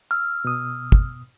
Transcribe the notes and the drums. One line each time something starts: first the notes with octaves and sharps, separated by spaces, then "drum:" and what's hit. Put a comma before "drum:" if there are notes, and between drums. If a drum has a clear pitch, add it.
E6 F6
B2 D#6
drum: kick